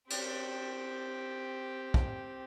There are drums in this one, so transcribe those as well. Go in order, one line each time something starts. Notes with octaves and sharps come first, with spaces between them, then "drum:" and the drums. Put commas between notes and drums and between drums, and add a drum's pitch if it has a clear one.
C4 G4, drum: cymbal
drum: kick